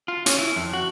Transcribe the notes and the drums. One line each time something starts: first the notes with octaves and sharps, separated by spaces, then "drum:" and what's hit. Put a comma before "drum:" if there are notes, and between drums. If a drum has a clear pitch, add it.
F4
C#4, drum: hi-hat
E4
F2
F#4